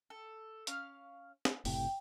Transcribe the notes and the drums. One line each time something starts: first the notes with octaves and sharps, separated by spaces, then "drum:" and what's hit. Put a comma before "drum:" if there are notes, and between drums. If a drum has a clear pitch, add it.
A4
C#4 F5 F6, drum: hi-hat
drum: snare
F#1 A2 C3 G5, drum: open hi-hat